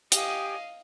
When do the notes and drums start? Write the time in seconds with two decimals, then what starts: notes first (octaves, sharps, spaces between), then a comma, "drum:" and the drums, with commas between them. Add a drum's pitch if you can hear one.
0.12 G4 D#5 F5 G#5 D#6, drum: hi-hat